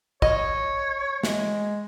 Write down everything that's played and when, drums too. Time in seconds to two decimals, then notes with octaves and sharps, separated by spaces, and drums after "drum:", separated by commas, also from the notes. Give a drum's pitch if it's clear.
0.22 C#5 D#5, drum: kick
1.23 G#3, drum: snare